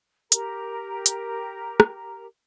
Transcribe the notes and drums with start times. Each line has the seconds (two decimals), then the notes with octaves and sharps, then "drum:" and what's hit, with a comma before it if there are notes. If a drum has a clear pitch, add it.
0.32 G4 A#4 A#5, drum: hi-hat
1.06 drum: hi-hat
1.80 drum: rim click